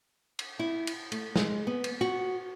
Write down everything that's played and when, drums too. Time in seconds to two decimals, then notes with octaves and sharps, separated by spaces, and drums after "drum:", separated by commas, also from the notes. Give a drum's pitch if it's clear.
0.39 drum: cymbal
0.59 E4
0.87 drum: cymbal
1.12 A3, drum: cymbal
1.36 G#3, drum: snare
1.67 B3
1.84 drum: cymbal
2.01 F#4